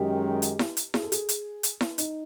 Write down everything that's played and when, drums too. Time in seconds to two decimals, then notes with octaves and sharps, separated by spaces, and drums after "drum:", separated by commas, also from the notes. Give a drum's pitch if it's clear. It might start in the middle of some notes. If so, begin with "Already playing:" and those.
Already playing: F#2 D#3 G#3 G4
0.42 drum: hi-hat
0.59 drum: snare E4
0.77 drum: hi-hat
0.94 G#4, drum: snare E4
1.03 A4
1.12 G#4, drum: hi-hat
1.29 drum: hi-hat
1.63 drum: hi-hat
1.81 drum: snare E4
1.98 D#4, drum: hi-hat